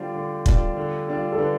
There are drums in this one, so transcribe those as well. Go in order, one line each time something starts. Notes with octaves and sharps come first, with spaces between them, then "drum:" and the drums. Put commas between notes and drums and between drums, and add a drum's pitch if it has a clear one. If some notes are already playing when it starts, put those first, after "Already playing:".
Already playing: D3 G3 D4 F4 C5 D5
D3
G3 D4 F4, drum: kick
D3
G3 D4 F4
A4
D3 B4